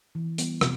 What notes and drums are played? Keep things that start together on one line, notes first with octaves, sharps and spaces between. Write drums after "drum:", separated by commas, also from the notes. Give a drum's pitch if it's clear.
E3
G3 B3, drum: hi-hat
C3, drum: rim click